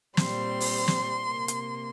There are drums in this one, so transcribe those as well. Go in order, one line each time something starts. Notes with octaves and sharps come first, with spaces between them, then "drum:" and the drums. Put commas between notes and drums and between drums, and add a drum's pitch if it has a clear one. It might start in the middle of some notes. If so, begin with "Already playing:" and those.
A#2 G3 C4 C6, drum: snare
drum: open hi-hat
drum: snare
C3 A#3
drum: hi-hat